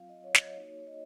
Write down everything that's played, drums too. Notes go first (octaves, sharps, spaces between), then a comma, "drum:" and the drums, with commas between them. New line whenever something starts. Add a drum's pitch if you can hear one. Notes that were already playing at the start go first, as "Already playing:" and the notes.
Already playing: F#3 C4 F4 F5
D#5
C#5
D#5, drum: snare
C#5
A#3 D#4 F#4
C#5
D#5